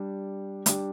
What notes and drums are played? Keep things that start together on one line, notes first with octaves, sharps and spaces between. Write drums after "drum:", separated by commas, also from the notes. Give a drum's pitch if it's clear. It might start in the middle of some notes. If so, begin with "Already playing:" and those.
Already playing: G3 D4 G4
G3 D4 G4, drum: hi-hat